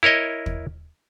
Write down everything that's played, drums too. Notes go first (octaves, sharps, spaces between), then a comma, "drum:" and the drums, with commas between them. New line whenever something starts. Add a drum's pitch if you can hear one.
E4 A#4 C#5 D#5
drum: kick